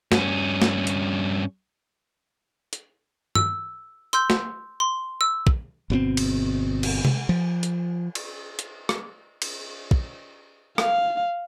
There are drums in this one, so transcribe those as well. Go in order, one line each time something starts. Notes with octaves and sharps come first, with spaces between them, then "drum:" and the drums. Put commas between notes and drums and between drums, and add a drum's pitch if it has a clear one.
G2 C#4, drum: snare
drum: snare
drum: hi-hat
drum: hi-hat
E6, drum: tom G2
C6 E6 G6, drum: hi-hat
drum: snare
C6
E6
drum: kick
G1 B2 D3 C4
drum: cymbal
drum: cymbal
drum: tom C3
F3
drum: hi-hat
drum: cymbal
drum: hi-hat
drum: rim click
drum: cymbal
drum: kick
F5, drum: rim click